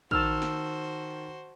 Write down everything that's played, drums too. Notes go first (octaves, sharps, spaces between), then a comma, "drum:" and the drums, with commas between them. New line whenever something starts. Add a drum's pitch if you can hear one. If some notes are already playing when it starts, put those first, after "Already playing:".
D#3 F#4 C5 A5 E6 F6, drum: kick A#1
drum: snare